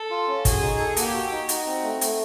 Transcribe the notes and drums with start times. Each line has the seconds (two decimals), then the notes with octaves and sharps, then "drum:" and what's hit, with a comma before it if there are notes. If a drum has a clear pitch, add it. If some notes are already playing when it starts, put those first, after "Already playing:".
Already playing: A4
0.10 F4
0.28 C#4
0.45 F#4 G#4, drum: kick, hi-hat
0.62 D#4
0.79 A4
0.97 A#3 G4, drum: hi-hat
1.14 F#4
1.32 D#4
1.49 D#4 F#4, drum: hi-hat
1.66 C4
1.83 A3
2.01 A3, drum: hi-hat